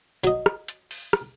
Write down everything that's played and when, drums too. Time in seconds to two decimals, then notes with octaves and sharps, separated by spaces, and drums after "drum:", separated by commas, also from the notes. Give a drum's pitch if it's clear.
0.24 F#3 D#5, drum: hi-hat
0.46 drum: rim click
0.68 drum: hi-hat
0.91 drum: open hi-hat
1.13 drum: rim click